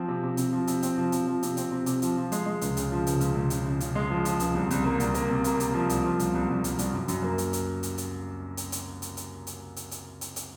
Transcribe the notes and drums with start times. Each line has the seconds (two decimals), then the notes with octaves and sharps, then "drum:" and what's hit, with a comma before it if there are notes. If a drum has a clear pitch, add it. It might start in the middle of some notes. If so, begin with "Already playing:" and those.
Already playing: F3 C4
0.08 C3
0.23 C3
0.37 C3, drum: hi-hat
0.52 F3
0.67 C3, drum: hi-hat
0.82 C4, drum: hi-hat
0.97 F3
1.12 C3, drum: hi-hat
1.27 F3
1.43 C3, drum: hi-hat
1.57 C4, drum: hi-hat
1.71 C3
1.86 C3, drum: hi-hat
2.02 F3, drum: hi-hat
2.17 F3
2.32 G#3, drum: hi-hat
2.46 G#3
2.61 C#2, drum: hi-hat
2.77 C#3, drum: hi-hat
2.92 F3
3.07 C#2, drum: hi-hat
3.21 C#2, drum: hi-hat
3.36 C#2
3.50 C#3, drum: hi-hat
3.65 C#3
3.80 C#3, drum: hi-hat
3.95 G#3
4.10 F3
4.25 F3, drum: hi-hat
4.40 C#2, drum: hi-hat
4.54 C2
4.71 C2, drum: hi-hat
4.84 A#3
5.00 C2, drum: hi-hat
5.14 A#3, drum: hi-hat
5.29 C3
5.44 A#3, drum: hi-hat
5.60 C3, drum: hi-hat
5.74 F3
5.89 C2, drum: hi-hat
6.04 F3
6.19 C2, drum: hi-hat
6.34 C2
6.48 C2
6.64 C2, drum: hi-hat
6.79 C2, drum: hi-hat
6.93 F#2
7.08 F#2, drum: hi-hat
7.23 A#3
7.38 drum: hi-hat
7.53 drum: hi-hat
7.83 drum: hi-hat
7.98 drum: hi-hat
8.57 drum: hi-hat
8.72 drum: hi-hat
9.02 drum: hi-hat
9.17 drum: hi-hat
9.47 drum: hi-hat
9.76 drum: hi-hat
9.91 drum: hi-hat
10.21 drum: hi-hat
10.36 drum: hi-hat